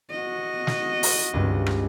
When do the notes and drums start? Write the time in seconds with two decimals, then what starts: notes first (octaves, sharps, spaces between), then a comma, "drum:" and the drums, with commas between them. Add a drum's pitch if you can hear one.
0.11 F#4 D#5
0.67 drum: snare
1.03 drum: open hi-hat
1.33 C#2 G2
1.66 drum: rim click